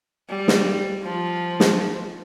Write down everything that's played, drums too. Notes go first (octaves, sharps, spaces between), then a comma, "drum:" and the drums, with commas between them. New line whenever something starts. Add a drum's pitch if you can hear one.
G3
drum: snare
F3
drum: snare